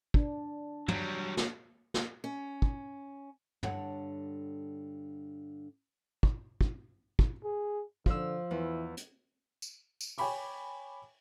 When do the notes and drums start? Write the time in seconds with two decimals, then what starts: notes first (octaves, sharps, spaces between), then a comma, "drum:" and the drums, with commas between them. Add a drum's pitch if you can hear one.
0.14 D4, drum: kick
0.88 F#3 G3, drum: tom
1.37 drum: snare
1.94 drum: snare
2.24 C#4
2.62 drum: kick
3.63 G2 D3 A4 C#5 F#5, drum: tom
6.23 drum: kick
6.61 drum: kick
7.19 drum: kick
7.44 G#4
8.06 D3 F3 E6, drum: kick
8.51 E2 E3
8.97 drum: hi-hat
9.62 drum: tambourine
10.01 drum: tambourine
10.18 C#5 G5 G#5 B5 C#6 D6, drum: open hi-hat